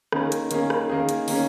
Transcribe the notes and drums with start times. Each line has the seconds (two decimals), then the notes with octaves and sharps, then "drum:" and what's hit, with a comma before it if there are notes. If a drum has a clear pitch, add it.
0.12 D#3 A#3 C#4 G#4, drum: rim click
0.32 drum: hi-hat
0.51 D#3 A#3 C#4 G#4, drum: hi-hat
0.70 drum: rim click
0.89 D#3 A#3 C#4 G#4
1.09 drum: hi-hat
1.28 D#3 A#3 C#4 G#4, drum: open hi-hat